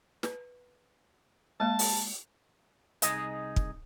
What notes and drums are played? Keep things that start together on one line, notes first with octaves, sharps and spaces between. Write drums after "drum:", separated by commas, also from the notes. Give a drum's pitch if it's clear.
B4, drum: snare
G#3 A#3 A5
drum: open hi-hat
C2 D#4 G#4 D#5, drum: hi-hat
drum: kick